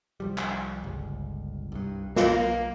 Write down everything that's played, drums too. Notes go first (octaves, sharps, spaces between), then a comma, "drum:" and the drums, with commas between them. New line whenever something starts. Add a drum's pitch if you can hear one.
C2 F3 G3
drum: clap
G1 C#2
C2 G2
B1 A#3, drum: snare